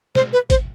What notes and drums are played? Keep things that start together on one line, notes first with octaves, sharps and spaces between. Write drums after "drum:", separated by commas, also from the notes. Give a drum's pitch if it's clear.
C5, drum: snare
B4
C5, drum: kick, hi-hat